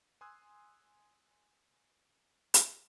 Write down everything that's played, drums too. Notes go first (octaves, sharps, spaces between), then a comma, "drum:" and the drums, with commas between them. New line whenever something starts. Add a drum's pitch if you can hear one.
G#5 C6 D#6 E6 F#6 G#6
drum: hi-hat